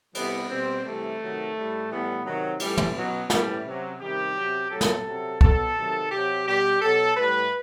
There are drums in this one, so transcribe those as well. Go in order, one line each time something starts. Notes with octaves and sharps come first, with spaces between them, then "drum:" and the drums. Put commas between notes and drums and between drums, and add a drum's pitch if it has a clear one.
C3 E3 G3 B3, drum: cymbal
B2 G3 C4
C3 E3 G3 A3
C3 D#3 F#3
A2 G3
A2 E3 G3 B3
C3 D#3 F#3
A2 E3 G3, drum: cymbal
drum: tom
B2 F#3
A2 E3 G3, drum: snare
C3 F#3
C3 D#3 G3 G4
C3 F#3
A2 F#3 A4
drum: snare
C3 F#3
B2 F#3 A4, drum: kick
C3 D#3 F#3
C3 F#3 G4
B2 G3 G4
B2 F#3 A4
A2 G3 B4